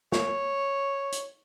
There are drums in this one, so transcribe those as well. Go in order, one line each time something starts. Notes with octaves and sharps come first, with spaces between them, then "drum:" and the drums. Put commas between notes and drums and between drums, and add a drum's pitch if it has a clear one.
C#5, drum: snare
drum: hi-hat